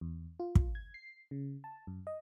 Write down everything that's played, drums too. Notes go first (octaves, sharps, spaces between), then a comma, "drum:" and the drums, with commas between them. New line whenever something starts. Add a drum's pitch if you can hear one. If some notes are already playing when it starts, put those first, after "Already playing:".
E2
F4
drum: kick
G#6
C7
C#3
A5
F#2
D#5